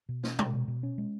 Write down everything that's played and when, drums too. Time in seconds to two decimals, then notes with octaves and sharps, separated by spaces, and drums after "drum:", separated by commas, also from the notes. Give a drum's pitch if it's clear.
0.09 B2
0.23 C#4, drum: snare
0.39 G#3, drum: tom
0.53 B2
0.68 B2
0.83 C#4
0.98 G#3